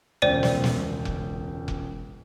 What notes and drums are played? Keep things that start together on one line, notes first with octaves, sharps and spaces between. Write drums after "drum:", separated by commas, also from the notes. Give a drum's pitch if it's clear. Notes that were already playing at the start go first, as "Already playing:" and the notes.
E1 C#2 C5 D5 G5 D#7
drum: snare
drum: snare
drum: kick F1
drum: kick F1